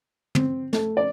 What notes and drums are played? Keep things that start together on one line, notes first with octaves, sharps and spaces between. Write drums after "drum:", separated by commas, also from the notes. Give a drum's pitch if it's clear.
C4, drum: tom
A3, drum: snare
D5